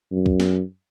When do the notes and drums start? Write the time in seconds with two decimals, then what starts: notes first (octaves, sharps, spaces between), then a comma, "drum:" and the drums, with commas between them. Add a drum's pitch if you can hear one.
0.12 F#2
0.26 drum: kick
0.40 drum: snare